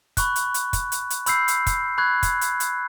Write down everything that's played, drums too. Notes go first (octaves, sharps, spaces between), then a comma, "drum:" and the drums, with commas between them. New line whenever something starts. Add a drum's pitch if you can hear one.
B5 C#6 F#6, drum: kick, hi-hat
drum: hi-hat
drum: hi-hat
drum: kick, hi-hat
drum: hi-hat
drum: hi-hat
B5 E6 G6 C7, drum: hi-hat
drum: hi-hat
drum: kick, hi-hat
B5 C#6 F#6 G#6
drum: kick, hi-hat
drum: hi-hat
drum: hi-hat